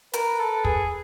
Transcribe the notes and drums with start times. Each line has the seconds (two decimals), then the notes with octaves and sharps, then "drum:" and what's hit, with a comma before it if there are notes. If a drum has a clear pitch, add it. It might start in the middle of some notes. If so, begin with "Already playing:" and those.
0.13 A#4 B4, drum: hi-hat
0.39 A4
0.65 G#4, drum: kick